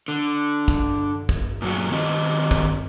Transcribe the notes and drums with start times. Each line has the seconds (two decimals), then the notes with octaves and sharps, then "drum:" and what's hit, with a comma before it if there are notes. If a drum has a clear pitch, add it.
0.08 D3
0.68 drum: kick
1.29 drum: kick
1.62 A#2 F#3 F#4
1.90 D#3 C4 G4 D#5
2.51 drum: kick